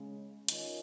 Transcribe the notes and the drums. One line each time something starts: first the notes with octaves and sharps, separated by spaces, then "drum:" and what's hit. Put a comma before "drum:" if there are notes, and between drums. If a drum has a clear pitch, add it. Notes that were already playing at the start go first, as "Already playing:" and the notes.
Already playing: C#3 G#3 C#4
D#3 C#4 F4 A#4 D#5, drum: hi-hat